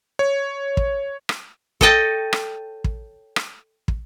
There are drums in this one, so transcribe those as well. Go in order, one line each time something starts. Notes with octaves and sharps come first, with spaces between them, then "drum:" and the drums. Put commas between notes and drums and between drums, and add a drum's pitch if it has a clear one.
C#5
drum: kick
drum: rim click
A4 C#5 D#5 G5 A5, drum: kick
drum: rim click
drum: kick
drum: rim click
drum: kick